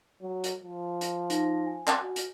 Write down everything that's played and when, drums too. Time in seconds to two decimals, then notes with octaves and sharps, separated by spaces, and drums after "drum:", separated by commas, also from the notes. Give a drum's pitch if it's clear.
0.21 F#3
0.44 drum: hi-hat
0.64 F3
1.01 drum: hi-hat
1.30 D#4 A#6, drum: hi-hat
1.66 G#5
1.87 drum: clap
2.01 F#4
2.16 drum: hi-hat